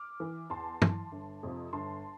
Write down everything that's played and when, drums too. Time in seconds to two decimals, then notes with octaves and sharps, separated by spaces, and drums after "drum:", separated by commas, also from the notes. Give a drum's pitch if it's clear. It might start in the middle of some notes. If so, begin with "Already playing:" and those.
Already playing: D6 F6
0.20 E3
0.50 E2 A5 C6
0.82 E3, drum: tom
1.12 G1
1.43 F2 C3 F3
1.72 G1 A5 C6